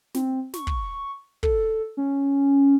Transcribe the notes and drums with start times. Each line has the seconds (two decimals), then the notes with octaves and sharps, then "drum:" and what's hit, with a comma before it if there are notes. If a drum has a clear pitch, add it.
0.14 C4, drum: snare
0.54 C#6, drum: snare
0.67 drum: kick
1.43 A4, drum: kick
1.97 C#4